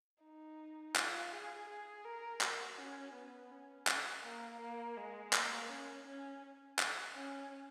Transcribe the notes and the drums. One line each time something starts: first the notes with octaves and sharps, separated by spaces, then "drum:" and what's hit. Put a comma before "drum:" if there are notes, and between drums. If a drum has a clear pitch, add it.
D#4
F4, drum: clap
G#4
G#4
A#4
F#4, drum: clap
C#4
B3
C#4
drum: clap
A#3
A#3
G#3
A#3, drum: clap
C#4
C#4
drum: clap
C#4